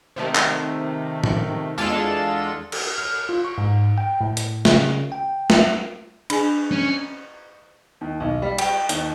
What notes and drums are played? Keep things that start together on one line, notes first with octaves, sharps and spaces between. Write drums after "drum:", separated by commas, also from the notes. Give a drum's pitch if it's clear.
C3 D#3 A3
drum: clap
drum: tom A2
E2 G#3 D4 F4 A4 E7
drum: cymbal
F6
F4
C#6
G#2
G5
A2
drum: hi-hat
C#3, drum: snare
G5
E5, drum: snare
D4 G#4 G#5, drum: cymbal
C#4
D#2
B1
G3
G5, drum: cymbal
D#2, drum: hi-hat